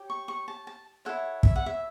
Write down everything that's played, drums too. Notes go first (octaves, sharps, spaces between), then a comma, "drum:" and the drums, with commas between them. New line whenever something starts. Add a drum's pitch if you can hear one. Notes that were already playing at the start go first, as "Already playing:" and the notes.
Already playing: G4 C#5
C#6
C#6
A5
A5
E4 A4 C#5 F#5
E5, drum: kick
F#5
E5